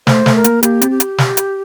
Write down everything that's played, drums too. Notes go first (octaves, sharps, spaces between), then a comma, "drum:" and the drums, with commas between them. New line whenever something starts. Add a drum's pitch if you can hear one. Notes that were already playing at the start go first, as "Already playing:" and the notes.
A3 C5, drum: snare
A3, drum: snare
A#4
A#3, drum: hi-hat
A#3 G4, drum: hi-hat
C4, drum: hi-hat
G4
drum: hi-hat
drum: snare
drum: hi-hat